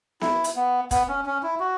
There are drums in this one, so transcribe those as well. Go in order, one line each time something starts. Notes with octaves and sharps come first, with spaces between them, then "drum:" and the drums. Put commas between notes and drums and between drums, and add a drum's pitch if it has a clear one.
E4, drum: snare B3
drum: hi-hat
B3
B3, drum: kick, hi-hat
C#4
C#4
E4
F#4